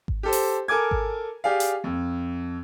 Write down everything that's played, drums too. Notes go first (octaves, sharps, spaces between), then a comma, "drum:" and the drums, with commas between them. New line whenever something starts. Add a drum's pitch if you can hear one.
drum: kick G#1
G4 A4 C5
drum: open hi-hat
A4 A#4 G#5 D6 G#6
drum: kick G#1
G4 G#4 D5 F5
drum: hi-hat
F2